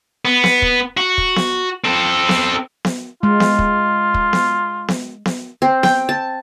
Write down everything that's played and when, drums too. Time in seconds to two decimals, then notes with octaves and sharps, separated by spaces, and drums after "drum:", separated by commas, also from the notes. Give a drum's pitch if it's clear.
0.25 B3
0.44 drum: snare B3
0.62 drum: kick
0.97 F#4
1.18 drum: kick
1.36 drum: snare B3
1.84 C4 A4
2.29 drum: snare B3
2.85 drum: snare B3
3.23 G#3 F4
3.40 drum: snare B3
3.59 drum: kick
4.14 drum: kick
4.33 drum: snare B3
4.88 drum: snare B3
5.26 drum: snare B3
5.62 C4
5.83 G5, drum: snare B3
6.09 A5